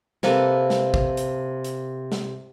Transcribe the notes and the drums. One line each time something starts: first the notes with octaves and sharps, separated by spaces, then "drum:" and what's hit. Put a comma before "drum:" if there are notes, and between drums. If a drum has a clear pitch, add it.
C3 A#3 A4 B4, drum: snare
drum: snare
drum: kick G#1
drum: hi-hat
drum: hi-hat
drum: snare